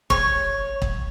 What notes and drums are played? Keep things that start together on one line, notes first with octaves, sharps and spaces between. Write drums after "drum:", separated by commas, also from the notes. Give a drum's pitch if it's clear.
C#5, drum: kick
drum: kick